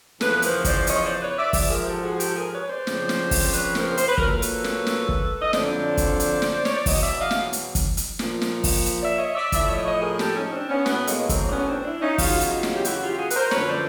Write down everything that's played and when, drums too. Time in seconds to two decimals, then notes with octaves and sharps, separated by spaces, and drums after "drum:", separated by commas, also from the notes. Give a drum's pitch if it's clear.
0.21 E2 C#3 F3 A4 B4, drum: snare
0.42 A#4 C5, drum: hi-hat
0.65 C5 D5, drum: kick, hi-hat
0.87 C#5 D#5, drum: hi-hat
1.03 C5 D5
1.20 B4 C#5
1.37 D5 E5
1.53 G#2 F3 D5 E5, drum: kick, open hi-hat
1.70 G#4 A#4
1.87 G4 A4
2.04 F#4 G#4
2.20 G4 A4, drum: hi-hat
2.37 G#4 A#4
2.54 B4 C#5
2.70 C5 D5
2.87 F2 C#3 F3, drum: snare
3.09 drum: snare
3.31 drum: kick, open hi-hat
3.48 C5
3.53 B4 C#5, drum: hi-hat
3.75 A#4 C5, drum: snare
3.97 C5, drum: hi-hat
4.08 B4
4.18 A#2 F#3 A#4, drum: kick
4.27 A4 B4
4.42 drum: hi-hat
4.64 drum: snare
4.87 drum: snare
5.09 drum: kick
5.42 D#5
5.53 F2 D3 F#3 C5 D5, drum: snare
5.97 drum: kick, hi-hat
6.20 drum: hi-hat
6.42 drum: snare
6.65 C#5, drum: snare
6.75 D5
6.86 E2 B2 F#3 C#5 D#5, drum: kick, open hi-hat
7.02 D5 E5
7.19 D#5 F5
7.31 drum: snare
7.53 drum: hi-hat
7.75 drum: kick, hi-hat
7.97 drum: hi-hat
8.19 A#2 F3, drum: snare
8.41 drum: snare
8.64 drum: kick, open hi-hat
8.86 drum: hi-hat
9.02 D5 E5
9.19 C#5 D#5
9.35 D5 E5
9.52 A2 F3 D5 E5, drum: kick, hi-hat
9.69 C#5 D#5
9.86 C#5 D#5
10.02 G#4 A#4
10.19 G4 A4, drum: snare
10.36 C#4 D#4
10.52 C4 D4
10.69 B3 C#4
10.86 A2 F#3 A3 B3, drum: snare
11.07 G#3 A#3, drum: hi-hat
11.29 A#3 C4, drum: kick, hi-hat
11.47 D4
11.52 B3 C#4
11.68 C4 D4
11.85 D4 E4
12.01 C#4 D#4
12.18 E2 C#3 F#3 D#4 F4, drum: kick, open hi-hat
12.41 drum: hi-hat
12.52 D#4 F4
12.63 drum: snare
12.75 G4
12.85 E4 F#4, drum: hi-hat
13.02 F4 G4
13.18 F#4 G#4
13.30 B4, drum: hi-hat
13.35 A#4 C5
13.51 F#2 D3 F3 B4 C#5, drum: snare
13.68 C5 D5